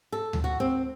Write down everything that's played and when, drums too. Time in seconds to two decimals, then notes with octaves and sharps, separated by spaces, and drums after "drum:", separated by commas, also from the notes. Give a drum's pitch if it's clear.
0.12 A4
0.33 drum: tom D2
0.44 F#4
0.60 C4